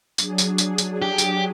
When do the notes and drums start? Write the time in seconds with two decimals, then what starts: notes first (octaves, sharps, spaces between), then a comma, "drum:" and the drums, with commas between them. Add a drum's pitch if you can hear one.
0.18 F#3 D4 G#4, drum: tambourine
0.38 drum: tambourine
0.58 drum: tambourine
0.78 drum: tambourine
1.02 G4
1.18 drum: tambourine